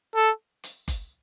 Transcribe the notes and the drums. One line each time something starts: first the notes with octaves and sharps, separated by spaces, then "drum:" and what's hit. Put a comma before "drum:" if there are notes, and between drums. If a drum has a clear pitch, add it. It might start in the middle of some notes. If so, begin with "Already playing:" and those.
A4
drum: hi-hat
drum: kick F#1, hi-hat